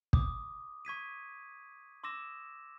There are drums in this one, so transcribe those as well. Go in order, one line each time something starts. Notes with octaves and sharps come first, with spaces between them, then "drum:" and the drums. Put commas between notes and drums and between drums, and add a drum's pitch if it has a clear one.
D6 D#6, drum: kick
C#6 G#6 B6 D#7
C6 D6 E6 A#6 E7